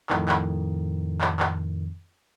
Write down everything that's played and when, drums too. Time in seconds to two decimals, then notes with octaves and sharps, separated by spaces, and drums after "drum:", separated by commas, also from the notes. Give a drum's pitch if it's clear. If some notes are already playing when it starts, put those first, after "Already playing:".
0.10 F2 A2 D#3, drum: clap
0.28 drum: clap
1.21 drum: clap
1.40 drum: clap